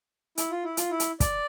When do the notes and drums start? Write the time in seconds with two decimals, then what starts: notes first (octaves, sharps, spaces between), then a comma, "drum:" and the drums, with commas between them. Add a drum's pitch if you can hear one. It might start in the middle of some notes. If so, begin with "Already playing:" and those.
0.37 E4, drum: hi-hat
0.51 F4
0.64 E4
0.77 F4, drum: hi-hat
0.90 E4
1.00 drum: hi-hat
1.20 D5, drum: kick, hi-hat